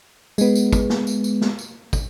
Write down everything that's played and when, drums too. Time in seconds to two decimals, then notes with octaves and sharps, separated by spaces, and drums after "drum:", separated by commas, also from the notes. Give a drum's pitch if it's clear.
0.38 G#3 B3, drum: tambourine
0.55 drum: tambourine
0.73 drum: kick, tambourine
0.90 drum: snare
1.07 drum: tambourine
1.24 drum: tambourine
1.41 drum: snare
1.59 drum: tambourine
1.93 drum: kick, tambourine